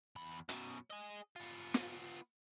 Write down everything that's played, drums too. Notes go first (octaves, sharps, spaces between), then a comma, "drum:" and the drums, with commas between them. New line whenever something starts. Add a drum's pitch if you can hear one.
E2 B5
F#2 B2, drum: hi-hat
G#4 D#5
B3 F4
drum: snare